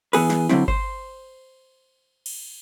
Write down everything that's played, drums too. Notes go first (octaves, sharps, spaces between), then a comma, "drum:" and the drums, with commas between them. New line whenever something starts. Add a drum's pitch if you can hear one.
E3 B3 G#4 B4, drum: cymbal
drum: snare
D3 F#3 C4 E4, drum: snare
C5, drum: kick G1
drum: cymbal